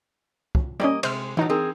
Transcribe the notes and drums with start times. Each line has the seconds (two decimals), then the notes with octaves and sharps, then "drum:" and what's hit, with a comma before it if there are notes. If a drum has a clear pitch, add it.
0.55 drum: kick
0.80 G3 A#3 C#4 D5 D#5
1.03 C3 G#3 C5 F6, drum: cymbal
1.37 A2 E3 F#3 D#4
1.49 C4 G#4 A#4